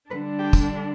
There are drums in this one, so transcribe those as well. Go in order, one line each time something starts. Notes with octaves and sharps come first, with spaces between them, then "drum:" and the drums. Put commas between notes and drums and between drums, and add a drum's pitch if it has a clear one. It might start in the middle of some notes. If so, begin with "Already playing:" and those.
D3 G3 D4 B4
G4
drum: kick, tambourine